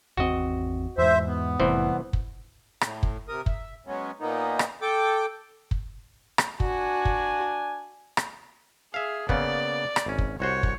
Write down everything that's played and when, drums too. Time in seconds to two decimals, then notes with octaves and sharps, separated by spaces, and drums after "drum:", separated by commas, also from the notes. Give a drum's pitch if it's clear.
0.17 G#1 E2 C4 F#4 D#5
0.98 E2 G#2 C5 E5
1.27 B3
1.59 F1 C2 A2 E3 C5
2.13 drum: kick
2.81 A2, drum: rim click
3.03 drum: kick
3.29 C3 A#4 D#6
3.46 E5, drum: kick
3.87 F#3 G#3 B3 C#4
4.20 A#2 A#3 B3 D#4
4.59 drum: rim click
4.82 A4 G5 D6
5.71 drum: kick
6.38 drum: rim click
6.60 D4 F#4 G#5, drum: kick
7.05 drum: kick
8.17 drum: rim click
8.94 G#4 E5 F5
9.29 C#3 A#3 B3 D5, drum: kick
9.96 drum: rim click
10.06 G#1 C#4
10.18 drum: kick
10.40 C2 F#4 C5 C#5
10.63 drum: kick